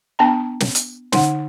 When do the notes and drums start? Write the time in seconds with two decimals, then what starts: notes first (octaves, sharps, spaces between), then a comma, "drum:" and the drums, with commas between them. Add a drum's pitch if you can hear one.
0.19 B3 D4 G5 A5 A#5
0.60 drum: snare
0.75 drum: hi-hat
1.12 D3 D#4 F#5, drum: snare